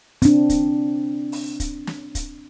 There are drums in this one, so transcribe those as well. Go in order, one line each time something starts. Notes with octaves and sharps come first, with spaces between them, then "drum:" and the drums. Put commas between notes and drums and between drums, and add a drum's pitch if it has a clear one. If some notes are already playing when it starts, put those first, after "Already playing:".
C4 D4, drum: hi-hat
drum: kick, hi-hat
drum: open hi-hat
drum: kick, hi-hat
drum: snare
drum: kick, hi-hat